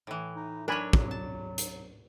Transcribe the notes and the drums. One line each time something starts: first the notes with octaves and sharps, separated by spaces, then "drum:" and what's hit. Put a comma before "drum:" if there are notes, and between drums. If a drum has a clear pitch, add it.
A2 E3
D#4
F#3 D4 A#4 C#5 G#5 B5
drum: kick
A5
drum: hi-hat